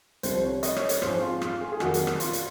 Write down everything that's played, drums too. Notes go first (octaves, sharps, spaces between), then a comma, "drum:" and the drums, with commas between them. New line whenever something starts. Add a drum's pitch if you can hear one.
C2 C3 F3 C5, drum: hi-hat
C#5
D#5, drum: hi-hat
C#5, drum: rim click
C#5, drum: hi-hat
G#2 F3 G#3 C4 C5, drum: rim click
F4
F4, drum: rim click
G#4
G#4
F2 D#3 F#3 A#3 F#4, drum: rim click
drum: hi-hat
drum: rim click
F4, drum: hi-hat
drum: hi-hat